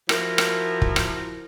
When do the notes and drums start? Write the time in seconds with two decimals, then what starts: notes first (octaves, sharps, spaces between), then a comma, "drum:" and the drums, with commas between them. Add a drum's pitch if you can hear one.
0.09 F3 E4 F#4 A#4, drum: rim click
0.38 drum: rim click
0.82 drum: kick
0.96 drum: rim click